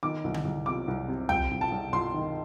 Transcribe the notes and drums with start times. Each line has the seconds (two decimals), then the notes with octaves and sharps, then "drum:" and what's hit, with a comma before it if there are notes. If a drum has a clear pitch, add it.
0.03 D#3 D6
0.24 C2
0.34 drum: tom D3
0.45 C2
0.66 C3 D6
0.88 C2
1.08 C3
1.29 C3 G5, drum: tom
1.51 C2
1.61 A5
1.72 C2
1.93 C2 C6
2.14 D#3